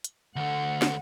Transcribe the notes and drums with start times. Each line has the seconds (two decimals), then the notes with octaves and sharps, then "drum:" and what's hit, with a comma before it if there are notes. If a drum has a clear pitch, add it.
0.04 drum: hi-hat
0.36 D2 A3 F#5
0.82 drum: snare